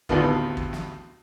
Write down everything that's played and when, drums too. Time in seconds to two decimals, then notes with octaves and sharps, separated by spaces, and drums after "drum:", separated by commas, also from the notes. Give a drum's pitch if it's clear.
0.09 D2 A2 C3 D#3 B3 F4, drum: kick
0.57 drum: kick
0.73 drum: snare